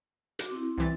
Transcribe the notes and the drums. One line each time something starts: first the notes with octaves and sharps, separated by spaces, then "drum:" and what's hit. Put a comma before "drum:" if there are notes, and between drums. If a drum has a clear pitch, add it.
F#4 D6, drum: hi-hat
C4 E4
C2 E3 A6